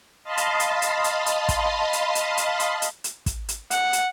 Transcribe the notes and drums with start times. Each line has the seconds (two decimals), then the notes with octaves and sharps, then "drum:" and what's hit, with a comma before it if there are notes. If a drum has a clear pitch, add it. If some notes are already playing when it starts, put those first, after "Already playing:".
0.24 D#5 F5 A5 B5 C6
0.37 drum: hi-hat
0.60 drum: hi-hat
0.82 drum: hi-hat
1.04 drum: hi-hat
1.26 drum: hi-hat
1.49 drum: kick, hi-hat
1.93 drum: hi-hat
2.15 drum: hi-hat
2.37 drum: hi-hat
2.60 drum: hi-hat
2.82 drum: hi-hat
3.04 drum: hi-hat
3.26 drum: kick, hi-hat
3.49 drum: hi-hat
3.71 F#5, drum: hi-hat
3.93 drum: hi-hat